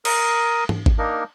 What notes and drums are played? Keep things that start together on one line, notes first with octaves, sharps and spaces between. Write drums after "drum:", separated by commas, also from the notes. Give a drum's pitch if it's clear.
A#4 D#6, drum: cymbal
drum: tom G#2
drum: kick G#1
A#3 D4 D#4 A#4